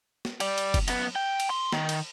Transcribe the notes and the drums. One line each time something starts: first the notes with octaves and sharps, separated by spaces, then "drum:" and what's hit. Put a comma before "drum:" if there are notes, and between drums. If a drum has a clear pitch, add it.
drum: snare
G4 D5, drum: cymbal
drum: cymbal
drum: kick F1, cymbal
F#2 B3, drum: cymbal
G5
drum: cymbal
C6
D#3, drum: snare
drum: cymbal